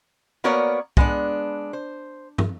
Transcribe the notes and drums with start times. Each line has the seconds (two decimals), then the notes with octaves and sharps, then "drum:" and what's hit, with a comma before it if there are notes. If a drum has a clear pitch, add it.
0.44 A#3 B3 F#4 A#4 C#5 D5
0.97 G#3 B3 D4, drum: kick
1.73 C5
2.38 drum: tom